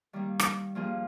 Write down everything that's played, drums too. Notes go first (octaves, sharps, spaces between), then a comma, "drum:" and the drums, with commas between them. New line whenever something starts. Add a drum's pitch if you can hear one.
D#3 G3 A#3
drum: rim click
G2 F3 A#3 F4 G#4